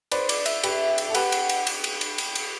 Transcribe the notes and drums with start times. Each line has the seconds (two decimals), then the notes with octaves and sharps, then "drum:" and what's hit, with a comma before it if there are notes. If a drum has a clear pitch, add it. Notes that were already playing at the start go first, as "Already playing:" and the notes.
0.12 B4 C5 D5, drum: cymbal
0.29 D5, drum: cymbal
0.46 E5, drum: cymbal
0.63 G4 B4, drum: cymbal
0.98 drum: cymbal
1.10 A4
1.15 G4 B4 F#5, drum: cymbal
1.32 drum: cymbal
1.49 drum: cymbal
1.67 drum: cymbal
1.84 drum: cymbal
2.01 drum: cymbal
2.18 drum: cymbal
2.35 drum: cymbal